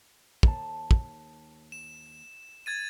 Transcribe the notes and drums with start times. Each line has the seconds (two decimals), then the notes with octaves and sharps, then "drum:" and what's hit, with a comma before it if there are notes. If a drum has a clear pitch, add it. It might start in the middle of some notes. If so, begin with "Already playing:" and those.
0.43 D#2 A5, drum: kick
0.91 drum: kick
1.72 E7
2.66 G#6 A6 D#7